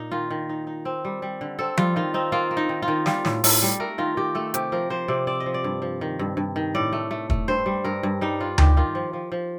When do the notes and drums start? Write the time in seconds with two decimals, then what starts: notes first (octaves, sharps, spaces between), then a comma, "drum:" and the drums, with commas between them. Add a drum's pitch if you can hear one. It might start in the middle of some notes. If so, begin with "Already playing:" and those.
Already playing: A#2 D#4
0.11 D#3 F4
0.30 D#3
0.49 D#4
0.67 D#4
0.85 C4
1.05 G3
1.22 G3
1.41 D3
1.59 C4 A4
1.77 G3 F4, drum: tom F3
1.96 D#3 F4
2.14 C4 D#4
2.32 A#3 F4
2.51 A#3
2.57 D#4
2.69 D#3
2.82 F4
2.88 D#3
3.06 G3 F4, drum: snare
3.25 A2, drum: snare
3.44 A2 A4, drum: open hi-hat
3.62 G3
3.80 A3 A#4
3.98 D#3 F4
4.17 D#3 G4
4.35 A3 A4
4.54 C3 G4, drum: hi-hat
4.72 F3 A#4
4.90 F3 C5
5.08 C3 D5
5.27 C4 D5
5.40 D#5
5.46 F3
5.54 D5
5.64 G2
5.82 F3
6.01 D#3
6.19 G2
6.37 G2
6.56 D#3
6.75 A2 D5
6.93 A3
7.11 A3
7.30 A3, drum: kick
7.48 G2 C5
7.66 G3
7.84 G2 A#4
8.03 G2
8.21 G3 D#4
8.40 D4 F4
8.58 D#3 G4, drum: tom D2
8.77 D#3 F4
8.95 F3
9.13 F3
9.32 F3